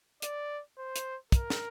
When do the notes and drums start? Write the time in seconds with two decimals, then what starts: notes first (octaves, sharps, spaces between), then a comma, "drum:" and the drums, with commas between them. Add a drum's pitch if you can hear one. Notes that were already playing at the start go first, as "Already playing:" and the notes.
0.22 D5, drum: hi-hat
0.78 C5
0.96 drum: hi-hat
1.32 A#4, drum: kick, hi-hat
1.50 drum: snare